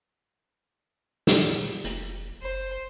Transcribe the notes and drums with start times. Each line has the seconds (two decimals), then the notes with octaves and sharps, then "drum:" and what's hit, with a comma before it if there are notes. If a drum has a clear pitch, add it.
1.27 drum: snare
1.84 F1, drum: hi-hat
2.42 F#1 C5